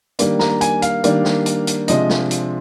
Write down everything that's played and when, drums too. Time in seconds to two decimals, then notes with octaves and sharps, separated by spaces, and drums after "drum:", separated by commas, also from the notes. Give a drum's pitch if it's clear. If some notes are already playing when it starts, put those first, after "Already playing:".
0.19 D#3 G3 A#3 D4, drum: hi-hat
0.39 A#5, drum: snare
0.61 G#5, drum: hi-hat
0.82 F5, drum: hi-hat
1.04 D#3 G3 A#3 D4, drum: hi-hat
1.25 drum: snare
1.46 drum: hi-hat
1.67 drum: hi-hat
1.88 C3 F3 G#3 D4 D#5, drum: hi-hat
2.09 drum: snare
2.31 drum: hi-hat